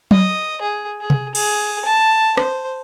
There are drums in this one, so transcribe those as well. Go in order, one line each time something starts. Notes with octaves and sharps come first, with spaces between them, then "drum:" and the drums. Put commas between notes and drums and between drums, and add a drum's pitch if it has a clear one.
D#5, drum: tom F#3
G#4
G#4
drum: tom C3
G#4, drum: cymbal
A5
C5, drum: rim click